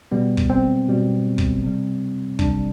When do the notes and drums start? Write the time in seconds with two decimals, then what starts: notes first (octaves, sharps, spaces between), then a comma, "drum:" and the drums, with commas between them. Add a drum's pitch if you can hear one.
0.12 B2 G3 B3
0.37 drum: kick
0.50 C4
0.88 B2 G3
1.38 drum: kick
1.64 C3 G3
2.39 C3 G3 D4, drum: kick